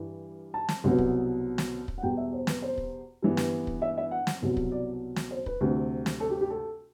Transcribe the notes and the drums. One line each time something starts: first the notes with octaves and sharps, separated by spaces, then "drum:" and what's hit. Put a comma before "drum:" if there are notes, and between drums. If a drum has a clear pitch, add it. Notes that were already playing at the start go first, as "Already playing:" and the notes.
Already playing: G2 E3 G3
A5
drum: snare
C2 B2 F#3 B3
drum: kick
drum: snare
drum: kick
F#5
E2 B2 G3 G5
E5
C5
B4, drum: snare
C5
drum: kick
G2 E3 B3
drum: snare
drum: kick
E5
E5
F#5
drum: snare
C2 B2 F#3 B3
drum: kick
D5
drum: snare
C5
B4, drum: kick
D2 C3 G3
drum: snare
A4
G4
G4
A4